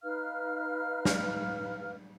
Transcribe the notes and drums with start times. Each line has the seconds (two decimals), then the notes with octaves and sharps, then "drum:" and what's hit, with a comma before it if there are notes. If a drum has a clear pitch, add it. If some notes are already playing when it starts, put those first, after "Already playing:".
0.03 D#4 B4 F5 F6
1.05 drum: snare